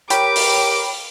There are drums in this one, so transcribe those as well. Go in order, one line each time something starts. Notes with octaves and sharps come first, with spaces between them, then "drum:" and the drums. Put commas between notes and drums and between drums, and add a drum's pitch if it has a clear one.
G4 A#4 C#5 G5 B5 D6, drum: hi-hat
drum: open hi-hat